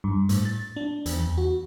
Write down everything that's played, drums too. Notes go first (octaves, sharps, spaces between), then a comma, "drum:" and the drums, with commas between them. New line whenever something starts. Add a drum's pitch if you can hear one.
G2
A2, drum: hi-hat
A6
D4
E2, drum: hi-hat
E2
F#4